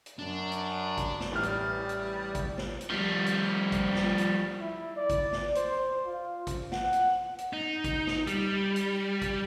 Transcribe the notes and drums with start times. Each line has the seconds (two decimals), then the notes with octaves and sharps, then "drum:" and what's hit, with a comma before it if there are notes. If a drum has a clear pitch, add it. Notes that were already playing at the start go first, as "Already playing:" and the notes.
0.06 drum: hi-hat
0.19 F#2 D4
0.52 drum: hi-hat
0.98 drum: kick G#1, hi-hat
1.20 drum: snare
1.32 A1 G3 F6
1.43 drum: hi-hat
1.89 drum: hi-hat
2.35 drum: kick G#1, hi-hat
2.58 drum: snare
2.81 drum: hi-hat
2.91 F3 G3
3.26 drum: hi-hat
3.72 drum: kick G#1, hi-hat
3.95 drum: snare
4.18 drum: hi-hat
4.61 E4
4.96 D5
5.10 drum: kick G#1, hi-hat
5.32 drum: snare
5.55 C5, drum: hi-hat
6.05 F4
6.47 drum: kick G#1, hi-hat
6.72 F#5, drum: snare
6.93 drum: hi-hat
7.38 drum: hi-hat
7.53 D#4
7.84 drum: kick G#1, hi-hat
8.07 drum: snare
8.27 G3, drum: hi-hat
8.76 drum: hi-hat
9.22 drum: kick G#1, hi-hat